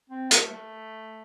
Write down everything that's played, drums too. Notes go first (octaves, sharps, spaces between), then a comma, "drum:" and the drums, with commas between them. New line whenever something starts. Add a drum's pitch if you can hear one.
C4
A3, drum: hi-hat
A3